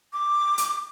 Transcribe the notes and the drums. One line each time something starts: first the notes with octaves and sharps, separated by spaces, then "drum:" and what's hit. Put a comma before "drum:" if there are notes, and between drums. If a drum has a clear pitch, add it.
D6
drum: hi-hat